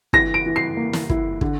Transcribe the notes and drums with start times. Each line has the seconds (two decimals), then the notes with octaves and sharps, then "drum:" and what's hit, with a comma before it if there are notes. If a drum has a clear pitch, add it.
0.13 E3 A#6, drum: kick
0.34 D7
0.46 E3
0.56 C7
0.77 A#3
0.93 drum: snare
1.09 E4, drum: kick
1.41 D3, drum: kick